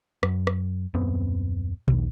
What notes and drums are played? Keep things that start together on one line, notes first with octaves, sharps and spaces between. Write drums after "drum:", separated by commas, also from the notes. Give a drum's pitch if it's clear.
F#2, drum: rim click
drum: rim click
D#1 F#2 B3 C4
A#1 D#2, drum: tom A#2